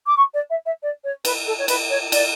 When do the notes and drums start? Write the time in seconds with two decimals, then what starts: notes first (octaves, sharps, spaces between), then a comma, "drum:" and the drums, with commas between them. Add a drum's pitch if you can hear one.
0.07 D6
0.17 C#6
0.34 D5
0.50 E5
0.66 E5
0.83 D5
1.04 C#5
1.25 B4, drum: cymbal
1.47 A4
1.58 C#5
1.68 B4, drum: cymbal
1.90 C#5
2.12 D5, drum: cymbal